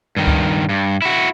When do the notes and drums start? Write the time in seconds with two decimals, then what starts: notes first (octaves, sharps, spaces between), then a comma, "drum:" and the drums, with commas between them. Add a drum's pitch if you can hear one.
0.16 G2 D#3
0.27 drum: kick C#2
0.69 G2
1.02 E4 F#4